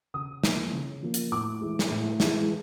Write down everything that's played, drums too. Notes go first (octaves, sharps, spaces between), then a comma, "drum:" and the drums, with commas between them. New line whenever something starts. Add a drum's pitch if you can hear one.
C#3 D#6
F3 A#3, drum: snare
C#3
F3 A#3
drum: hi-hat
A2 D6
E3 G#3
drum: snare
A2
E3 G#3, drum: snare